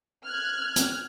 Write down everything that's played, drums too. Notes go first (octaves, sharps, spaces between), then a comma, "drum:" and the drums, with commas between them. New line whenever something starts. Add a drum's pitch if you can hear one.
F6 F#6 G#6
drum: hi-hat